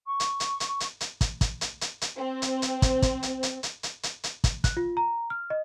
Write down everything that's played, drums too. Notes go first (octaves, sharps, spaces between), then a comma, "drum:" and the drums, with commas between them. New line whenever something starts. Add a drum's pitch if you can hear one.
C#6
drum: hi-hat
drum: hi-hat
drum: hi-hat
drum: hi-hat
drum: hi-hat
drum: kick, hi-hat
drum: kick, hi-hat
drum: hi-hat
drum: hi-hat
drum: hi-hat
C4
drum: hi-hat
drum: hi-hat
drum: kick, hi-hat
drum: kick, hi-hat
drum: hi-hat
drum: hi-hat
drum: hi-hat
drum: hi-hat
drum: hi-hat
drum: hi-hat
drum: kick, hi-hat
F#6, drum: kick, hi-hat
F4
A#5
F6
D#5